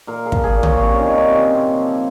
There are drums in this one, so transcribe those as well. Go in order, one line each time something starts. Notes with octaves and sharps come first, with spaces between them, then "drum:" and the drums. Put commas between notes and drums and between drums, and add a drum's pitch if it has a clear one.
A#2 A#4
G#4
F3, drum: kick
G#4
A#2
C#5, drum: tom
C3 C#5
C#4
D#4
D#3
C#4
C3
C#4
A#2 C4
F3